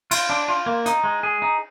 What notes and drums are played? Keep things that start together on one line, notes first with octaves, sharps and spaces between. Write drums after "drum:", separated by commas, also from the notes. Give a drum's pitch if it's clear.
F4, drum: cymbal
D4
F4
A#3
D#4, drum: hi-hat
G#3
G#4
D#4